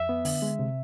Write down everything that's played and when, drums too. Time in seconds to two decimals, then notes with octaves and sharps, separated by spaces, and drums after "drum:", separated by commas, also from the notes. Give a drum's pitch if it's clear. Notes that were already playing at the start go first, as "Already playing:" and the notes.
Already playing: F2 E5
0.09 B3
0.25 D3, drum: open hi-hat
0.42 G#3
0.59 C3